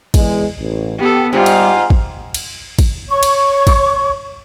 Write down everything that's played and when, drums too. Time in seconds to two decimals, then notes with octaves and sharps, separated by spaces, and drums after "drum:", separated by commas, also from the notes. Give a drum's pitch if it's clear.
0.14 E2 G#3, drum: kick, cymbal
0.59 A1
0.98 B3 G4 A4
1.33 G#2 G3 F4 G4
1.46 drum: cymbal
1.90 drum: kick
2.34 drum: cymbal
2.79 drum: kick, cymbal
3.08 C#5 C#6
3.23 drum: cymbal
3.67 drum: kick, cymbal